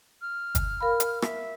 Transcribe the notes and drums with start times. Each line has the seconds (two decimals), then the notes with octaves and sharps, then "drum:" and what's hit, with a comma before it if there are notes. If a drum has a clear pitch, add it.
0.22 F6
0.55 drum: kick, hi-hat
0.81 A#4 F5 B5
1.00 drum: hi-hat
1.22 E5, drum: rim click